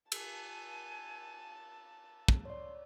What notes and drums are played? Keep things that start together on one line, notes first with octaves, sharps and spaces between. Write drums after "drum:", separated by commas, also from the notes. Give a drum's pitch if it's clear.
G#5 A5, drum: cymbal
drum: kick
C#5 D5 C6